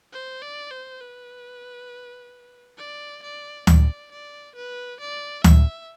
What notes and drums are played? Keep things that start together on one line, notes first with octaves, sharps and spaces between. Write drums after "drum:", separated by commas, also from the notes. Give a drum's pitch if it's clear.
C5
D5
C5
B4
D5
D5
D5, drum: tom D2
D5
B4
D5
E5, drum: tom D2